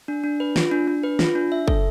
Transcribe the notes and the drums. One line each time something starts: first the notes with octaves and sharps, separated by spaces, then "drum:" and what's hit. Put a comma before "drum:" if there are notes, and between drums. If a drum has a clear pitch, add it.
D4
D4
B4
F4, drum: snare
D4
D4
B4
F4, drum: snare
D4
E5
A4, drum: kick